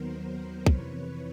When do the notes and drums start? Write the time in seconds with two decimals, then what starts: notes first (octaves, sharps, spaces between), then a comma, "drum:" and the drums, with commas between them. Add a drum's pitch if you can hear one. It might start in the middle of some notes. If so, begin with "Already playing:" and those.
Already playing: D#2 D#3 F#3 B3 A#4 C5
0.66 F2 C3 E3 B4 C#5, drum: kick